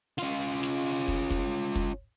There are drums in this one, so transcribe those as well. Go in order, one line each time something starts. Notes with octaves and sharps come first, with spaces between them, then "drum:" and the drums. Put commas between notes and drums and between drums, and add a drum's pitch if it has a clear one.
C#4 F4, drum: snare
drum: hi-hat
drum: snare
drum: open hi-hat
drum: kick
drum: kick, hi-hat
drum: kick, hi-hat